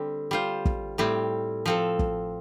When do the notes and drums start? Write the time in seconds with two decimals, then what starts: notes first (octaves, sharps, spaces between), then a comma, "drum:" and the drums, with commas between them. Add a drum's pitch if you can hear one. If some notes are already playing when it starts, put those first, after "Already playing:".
Already playing: D3 G3 C4 G4
0.31 G3 F4 C5
0.65 drum: kick
0.98 A2 G3 C4
1.66 F3 C4 A4
1.99 drum: kick